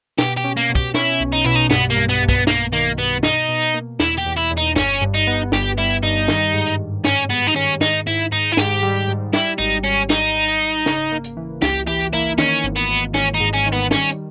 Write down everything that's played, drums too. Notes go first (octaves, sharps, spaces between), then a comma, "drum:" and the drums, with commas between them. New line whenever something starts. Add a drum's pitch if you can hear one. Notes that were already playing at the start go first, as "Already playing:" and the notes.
B2 G4, drum: snare
G4, drum: hi-hat
C#4
A#3, drum: hi-hat
B2
G4, drum: kick, hi-hat
C#4 E4, drum: snare
B1
D#4
B2 E4
D#4
G2 B3, drum: snare
A#3, drum: hi-hat
G2
B3, drum: hi-hat
G2
B3, drum: kick, hi-hat
G2 A#3, drum: snare
D#3 A#3
drum: hi-hat
G2 B3
B2 D#4, drum: snare
B2
drum: hi-hat
A#3
E2 E4, drum: snare
G4, drum: hi-hat
E2
E4, drum: hi-hat
E2
D#4, drum: hi-hat
G1 C#4, drum: snare
G2
D#4, drum: hi-hat
B3
G1 G4, drum: snare
G3 E4
drum: hi-hat
G2 D#4
D#3, drum: snare
G#2
drum: hi-hat
D#3
G#2 C#4, drum: snare
G#2 B3
D#4
D#3 C#4
G#2 D#4, drum: snare
G#2 E4
drum: hi-hat
G#2 D#4
E4
G#2 G4, drum: snare
G3
drum: hi-hat
G#2
G3 E4, drum: snare
G#1 D#4
drum: hi-hat
G#1 C#4
G3 D#4, drum: snare
G3
drum: hi-hat
G#1
C#3, drum: snare
A#3
drum: hi-hat
E3
C#2 G4, drum: snare
E3 G4
drum: hi-hat
A#3 E4
D#3 C#4, drum: snare
G#1
B3, drum: hi-hat
G#1
G#1 C#4, drum: snare
D#4, drum: hi-hat
G#2
C#4, drum: hi-hat
D#3
B3, drum: hi-hat
G3 C#4, drum: snare
drum: hi-hat